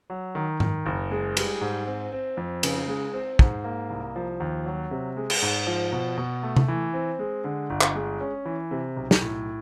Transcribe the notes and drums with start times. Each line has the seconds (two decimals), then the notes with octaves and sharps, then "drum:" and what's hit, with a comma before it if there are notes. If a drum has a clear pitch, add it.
0.10 F#3
0.35 D#3
0.60 D#3, drum: tom G#2
0.86 F#1
1.11 G#3
1.37 G3, drum: cymbal
1.61 G#2
1.87 C4
2.12 C4
2.37 F2
2.63 C#3, drum: cymbal
2.88 G#3
3.14 C4
3.39 G#2, drum: kick
3.64 A#3
3.90 C2
4.16 F3
4.40 D#2
4.66 F#3
4.91 C3
5.17 G#3
5.30 drum: cymbal
5.42 G#2
5.67 F3
5.92 B2
6.17 B2
6.43 A3
6.56 drum: tom C3
6.68 E3
6.94 C4
7.19 G#3
7.44 D3
7.70 G1
7.81 drum: clap
7.95 G#3
8.21 C#4
8.45 E3
8.71 C3
8.97 B1
9.11 drum: snare
9.22 A2